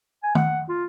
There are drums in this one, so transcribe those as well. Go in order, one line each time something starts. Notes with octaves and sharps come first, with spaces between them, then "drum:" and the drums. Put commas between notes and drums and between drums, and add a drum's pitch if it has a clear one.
G#5
F#5, drum: tom D#3
F4